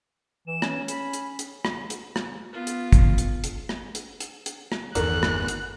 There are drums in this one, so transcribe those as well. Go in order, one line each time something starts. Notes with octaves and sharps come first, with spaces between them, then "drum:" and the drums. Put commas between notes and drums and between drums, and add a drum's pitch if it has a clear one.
E3 E7
C#4, drum: rim click
B5, drum: hi-hat
drum: hi-hat
drum: hi-hat
drum: rim click
drum: hi-hat
drum: rim click
B3 F4
drum: hi-hat
drum: kick, hi-hat
drum: hi-hat
drum: hi-hat
drum: rim click
drum: hi-hat
drum: hi-hat
drum: hi-hat
drum: rim click
G1 E2 D#3 A4 A#4 F#6, drum: hi-hat
drum: rim click
drum: hi-hat